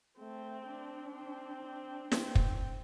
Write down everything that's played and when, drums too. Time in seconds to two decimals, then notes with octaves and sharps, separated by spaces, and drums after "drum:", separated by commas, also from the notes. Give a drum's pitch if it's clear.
0.19 A3 C4
0.67 D4
1.15 C4
1.63 D4
2.12 C4, drum: snare
2.35 drum: kick